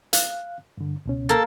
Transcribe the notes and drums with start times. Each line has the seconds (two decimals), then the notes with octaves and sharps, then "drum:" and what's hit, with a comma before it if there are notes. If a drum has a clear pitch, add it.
0.13 F5 F#6, drum: hi-hat
0.78 G2 D3
1.06 C#2 B2 C#4
1.29 A#3 A4 A#4